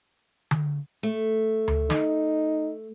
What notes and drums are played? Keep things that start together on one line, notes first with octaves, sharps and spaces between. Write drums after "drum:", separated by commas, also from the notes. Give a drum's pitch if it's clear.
drum: tom D3
A3
drum: tom D2
D#4, drum: snare